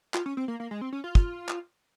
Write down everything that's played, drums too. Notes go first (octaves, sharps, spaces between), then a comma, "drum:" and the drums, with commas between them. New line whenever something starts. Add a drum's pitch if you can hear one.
F4, drum: clap
C#4
C4
A#3
A#3
G#3
C4
C#4
F4
drum: kick
drum: clap